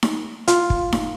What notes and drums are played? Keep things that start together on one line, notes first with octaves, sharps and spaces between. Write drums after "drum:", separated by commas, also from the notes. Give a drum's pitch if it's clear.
drum: snare D#4
F4, drum: hi-hat
drum: kick
drum: snare D#4